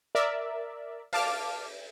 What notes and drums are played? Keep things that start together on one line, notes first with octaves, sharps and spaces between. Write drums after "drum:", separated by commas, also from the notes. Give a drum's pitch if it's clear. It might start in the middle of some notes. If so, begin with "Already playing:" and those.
A#4 D5 E5
F5 A5 D6 F6, drum: open hi-hat